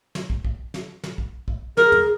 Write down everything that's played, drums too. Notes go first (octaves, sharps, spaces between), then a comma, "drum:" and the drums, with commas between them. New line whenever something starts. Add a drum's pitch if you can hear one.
drum: snare
drum: kick
drum: kick
drum: snare
drum: snare
drum: kick
drum: kick
G#4 A#4, drum: snare
drum: tom